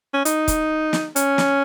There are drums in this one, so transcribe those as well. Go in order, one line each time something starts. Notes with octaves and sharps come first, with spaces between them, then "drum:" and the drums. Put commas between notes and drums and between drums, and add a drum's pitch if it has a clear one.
C#4
D#4, drum: hi-hat
drum: kick, hi-hat
drum: snare
C#4, drum: hi-hat
drum: snare